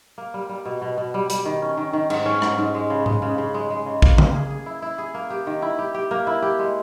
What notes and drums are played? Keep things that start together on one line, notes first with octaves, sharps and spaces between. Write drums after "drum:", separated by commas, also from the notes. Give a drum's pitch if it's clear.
A#3
G3
G3
B2
B2
B2
G3
G3, drum: hi-hat
D#3
C#4
D#3
D#3
G#2, drum: cymbal
C#4
G#2, drum: rim click
G#2
G#3
C#3
G#3, drum: tom A2
C#3
C#3
G#3
G#3
C#3
A#3, drum: kick A#1
A#3, drum: tom C#3
G#4
G#4
E4
E4
G#4
A#3
G4
D#3
E4
G4
G4
A#3
E4
G4
G#3